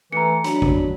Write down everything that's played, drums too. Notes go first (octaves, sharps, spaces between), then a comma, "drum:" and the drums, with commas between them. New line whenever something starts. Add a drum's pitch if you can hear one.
E3 A3 A#5 C#7
F#3 D4 B5, drum: hi-hat
drum: kick